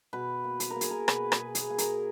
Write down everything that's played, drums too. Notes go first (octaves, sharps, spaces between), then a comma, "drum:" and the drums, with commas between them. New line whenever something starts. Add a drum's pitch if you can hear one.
B2 B4
A#3
B4, drum: hi-hat
A#4
A#3
G#4, drum: hi-hat
A#4
B2 B4, drum: rim click
G#4, drum: rim click
B2
G#4, drum: hi-hat
A#3
A#4, drum: hi-hat